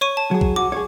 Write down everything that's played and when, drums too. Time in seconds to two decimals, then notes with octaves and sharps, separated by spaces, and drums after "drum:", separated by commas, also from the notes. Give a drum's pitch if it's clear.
0.01 C#5 C#6 D#7
0.17 A5
0.31 F#3 G#4
0.41 drum: kick A#1
0.56 F#4 D6
0.72 G#4 C#5